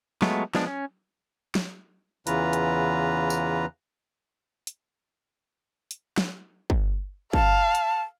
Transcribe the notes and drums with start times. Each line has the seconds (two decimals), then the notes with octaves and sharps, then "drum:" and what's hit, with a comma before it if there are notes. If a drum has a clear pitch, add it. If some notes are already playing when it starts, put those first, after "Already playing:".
0.22 F#3 G#3 A3 B3 F4, drum: snare
0.55 F3 G#3 B3 D4, drum: snare
0.67 C#4
1.55 drum: snare
2.27 E2 C#3 E3 F4 B4 A#5, drum: hi-hat
2.53 drum: hi-hat
3.30 drum: tambourine
4.67 drum: hi-hat
5.91 drum: hi-hat
6.18 drum: snare
6.70 drum: kick
7.33 F5 A5, drum: kick
7.75 drum: hi-hat